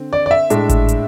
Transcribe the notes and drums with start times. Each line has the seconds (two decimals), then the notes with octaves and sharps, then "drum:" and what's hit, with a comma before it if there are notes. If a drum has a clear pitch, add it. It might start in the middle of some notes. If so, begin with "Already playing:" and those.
Already playing: D3 C4
0.13 D5
0.26 D5
0.31 E5
0.50 A2 G#3 D4, drum: hi-hat
0.69 drum: kick G#1, hi-hat
0.88 drum: hi-hat